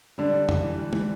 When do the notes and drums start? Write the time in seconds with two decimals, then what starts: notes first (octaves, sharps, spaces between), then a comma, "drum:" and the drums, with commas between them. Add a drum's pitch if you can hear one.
0.18 D3 G3 D4
0.33 G3
0.49 E3, drum: tom F2
0.63 E3
0.78 G3
0.93 E3, drum: tom